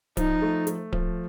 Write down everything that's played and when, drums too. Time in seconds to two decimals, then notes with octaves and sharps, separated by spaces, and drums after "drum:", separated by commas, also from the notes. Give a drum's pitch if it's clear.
0.17 F3 D#4, drum: kick D1, hi-hat
0.42 A3
0.67 A3, drum: hi-hat
0.93 F3, drum: kick D1